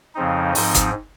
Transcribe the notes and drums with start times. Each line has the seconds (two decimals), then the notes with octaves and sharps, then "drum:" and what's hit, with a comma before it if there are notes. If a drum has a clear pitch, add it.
0.15 F2 C#3 F3 C4 D#4
0.55 G#2 F3 C4 D#4, drum: open hi-hat
0.74 drum: kick, hi-hat